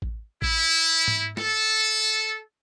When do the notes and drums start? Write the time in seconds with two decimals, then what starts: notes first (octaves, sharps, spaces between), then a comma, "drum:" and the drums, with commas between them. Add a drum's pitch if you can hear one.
0.02 drum: kick A1
0.42 E4, drum: kick A1
1.08 drum: tom G#2
1.37 A4, drum: snare